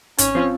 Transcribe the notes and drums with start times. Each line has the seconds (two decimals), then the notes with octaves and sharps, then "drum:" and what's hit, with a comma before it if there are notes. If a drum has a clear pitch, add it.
0.18 G#1 C#4, drum: hi-hat
0.35 F3 C4 F4